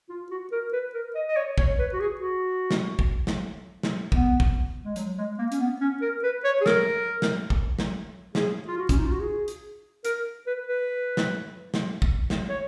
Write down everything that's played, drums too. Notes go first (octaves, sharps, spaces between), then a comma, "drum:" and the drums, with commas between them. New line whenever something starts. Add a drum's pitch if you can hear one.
F4
F#4
A#4
B4
A#4
D#5
D#5
C#5
C#5, drum: kick
B4
F#4
G#4
F#4
drum: snare
drum: kick
drum: snare
drum: snare
B3, drum: kick
drum: kick
G#3
F#3, drum: hi-hat
G#3
A#3
C#4, drum: hi-hat
B3
C#4
A#4
B4
C#5
G#4
A#4, drum: snare
drum: snare
drum: kick
drum: snare
G#4, drum: snare
F4
F#4
C#4, drum: kick, hi-hat
D#4
F4
F#4
G#4
drum: hi-hat
A#4, drum: hi-hat
B4
B4
drum: snare
drum: snare
drum: kick
drum: snare
C#5